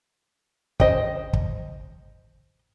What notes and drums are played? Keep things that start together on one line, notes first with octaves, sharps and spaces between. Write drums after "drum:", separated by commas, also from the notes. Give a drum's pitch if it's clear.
C5 D#5 G5, drum: kick
drum: kick